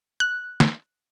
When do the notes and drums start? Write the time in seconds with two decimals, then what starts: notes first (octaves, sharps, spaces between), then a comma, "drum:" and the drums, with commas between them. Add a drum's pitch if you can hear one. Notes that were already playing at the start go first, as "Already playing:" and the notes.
0.20 F#6
0.60 drum: snare